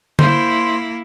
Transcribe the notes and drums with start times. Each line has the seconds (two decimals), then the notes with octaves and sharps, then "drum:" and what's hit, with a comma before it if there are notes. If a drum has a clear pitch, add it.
0.19 A#3 E4 C5, drum: tom D3